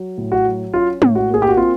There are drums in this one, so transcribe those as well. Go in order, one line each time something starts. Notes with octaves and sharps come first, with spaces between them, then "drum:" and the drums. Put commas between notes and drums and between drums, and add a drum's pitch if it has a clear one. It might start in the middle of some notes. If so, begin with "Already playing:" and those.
Already playing: F#3
A2
F#4
F#3
C#4 F4
A2, drum: tom
F#4
A#3 G#4
G4
F#4
C4 F4